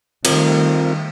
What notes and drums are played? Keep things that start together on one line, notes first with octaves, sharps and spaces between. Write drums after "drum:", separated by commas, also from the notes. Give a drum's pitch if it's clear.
D#3 G3 A3 C4 F4 A#4, drum: cymbal